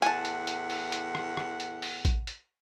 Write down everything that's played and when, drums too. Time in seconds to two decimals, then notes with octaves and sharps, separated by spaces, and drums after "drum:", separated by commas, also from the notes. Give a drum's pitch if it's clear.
0.02 E2 A2 F#5 G#5 A5, drum: hi-hat
0.25 drum: hi-hat
0.47 drum: hi-hat
0.70 drum: open hi-hat
0.92 drum: hi-hat
1.15 drum: rim click
1.37 drum: rim click
1.60 drum: hi-hat
1.82 drum: open hi-hat
2.05 drum: kick A1, hi-hat
2.27 drum: hi-hat